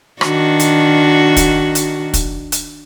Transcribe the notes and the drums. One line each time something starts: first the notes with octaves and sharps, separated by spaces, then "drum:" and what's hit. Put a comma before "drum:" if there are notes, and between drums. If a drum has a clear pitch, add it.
D#3 D4 F#4, drum: rim click
drum: hi-hat
drum: kick, hi-hat
drum: hi-hat
drum: kick, hi-hat
drum: hi-hat